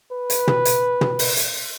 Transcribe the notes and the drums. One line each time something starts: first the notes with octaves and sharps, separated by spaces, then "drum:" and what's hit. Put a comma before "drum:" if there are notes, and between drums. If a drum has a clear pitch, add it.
B4
drum: hi-hat
drum: tom
drum: hi-hat
drum: tom
drum: open hi-hat
drum: hi-hat